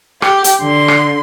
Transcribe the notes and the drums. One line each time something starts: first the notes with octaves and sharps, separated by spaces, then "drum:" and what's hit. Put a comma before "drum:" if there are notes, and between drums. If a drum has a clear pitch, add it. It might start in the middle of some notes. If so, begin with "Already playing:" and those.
G4, drum: rim click
drum: hi-hat
D3 C6
drum: rim click